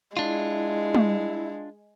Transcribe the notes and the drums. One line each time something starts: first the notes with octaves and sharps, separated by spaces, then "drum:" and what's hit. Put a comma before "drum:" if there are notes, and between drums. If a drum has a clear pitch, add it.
G#3 D4 E4 F4
drum: tom